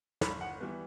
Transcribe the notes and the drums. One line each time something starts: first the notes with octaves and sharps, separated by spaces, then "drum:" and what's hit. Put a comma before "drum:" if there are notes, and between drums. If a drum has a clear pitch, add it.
G1 B5, drum: snare
F#5
E3 G3 B3